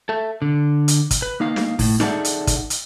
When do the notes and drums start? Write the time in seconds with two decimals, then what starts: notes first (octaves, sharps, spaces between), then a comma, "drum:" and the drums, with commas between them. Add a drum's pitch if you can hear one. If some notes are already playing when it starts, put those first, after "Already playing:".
0.09 A4 E5
0.42 D3
0.88 drum: hi-hat
1.11 drum: kick, hi-hat
1.22 B4
1.40 A#3 D#4 F5
1.56 drum: snare
1.79 A2, drum: kick, open hi-hat
2.00 D#4 G#4 A4 D5 E5 F#5, drum: snare
2.25 drum: hi-hat
2.47 drum: kick, hi-hat
2.70 drum: hi-hat